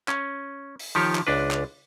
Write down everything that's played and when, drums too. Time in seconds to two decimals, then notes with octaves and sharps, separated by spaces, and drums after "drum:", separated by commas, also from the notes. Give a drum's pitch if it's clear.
0.08 C#4, drum: clap
0.79 drum: open hi-hat
0.95 D#3 F3 G4 C#5
1.15 drum: clap
1.27 C#2 D4 B4
1.51 drum: clap